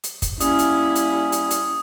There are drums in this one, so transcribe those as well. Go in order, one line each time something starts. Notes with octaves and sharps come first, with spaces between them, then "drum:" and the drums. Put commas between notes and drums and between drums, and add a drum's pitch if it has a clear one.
drum: hi-hat
drum: kick, hi-hat
G3 A#3 C#4 E4 D#6, drum: hi-hat
drum: hi-hat
drum: hi-hat
drum: hi-hat
drum: hi-hat